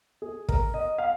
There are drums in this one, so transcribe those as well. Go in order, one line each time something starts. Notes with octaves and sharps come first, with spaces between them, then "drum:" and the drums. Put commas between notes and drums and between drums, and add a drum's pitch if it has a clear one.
G#4
A#4, drum: kick
D#5
F5